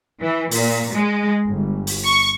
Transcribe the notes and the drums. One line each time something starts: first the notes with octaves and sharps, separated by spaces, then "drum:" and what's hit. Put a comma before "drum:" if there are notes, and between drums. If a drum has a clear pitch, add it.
E3
A#2, drum: open hi-hat
G#3
G1
drum: open hi-hat
C#6